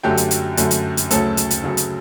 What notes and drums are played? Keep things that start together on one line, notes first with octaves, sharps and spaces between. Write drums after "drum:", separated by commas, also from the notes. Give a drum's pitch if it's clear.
F#2 D3 F#3 A3 G4 G5
drum: hi-hat
drum: hi-hat
F#2 D3 F#3 A3, drum: hi-hat
drum: hi-hat
drum: hi-hat
D2 C#3 F#3 A3 C#4 A4 A5, drum: hi-hat
drum: hi-hat
drum: hi-hat
D2 C#3 F#3 A3 C#4
drum: hi-hat